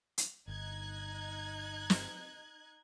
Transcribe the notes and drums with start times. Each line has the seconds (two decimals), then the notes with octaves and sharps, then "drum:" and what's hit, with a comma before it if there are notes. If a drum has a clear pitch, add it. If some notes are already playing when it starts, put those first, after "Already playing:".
0.18 drum: hi-hat
0.48 G1 D#4 F#6 G#6
1.90 drum: snare